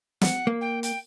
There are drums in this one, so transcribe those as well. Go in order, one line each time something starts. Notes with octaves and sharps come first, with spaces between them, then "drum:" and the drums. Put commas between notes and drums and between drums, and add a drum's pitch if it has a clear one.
F#5, drum: snare
A#3
G5
G5, drum: hi-hat